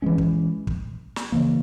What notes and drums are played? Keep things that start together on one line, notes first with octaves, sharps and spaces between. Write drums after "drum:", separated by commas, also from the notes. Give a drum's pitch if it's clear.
E3 G#3 C#4
drum: kick
drum: kick
drum: snare
C#3 E3 A#3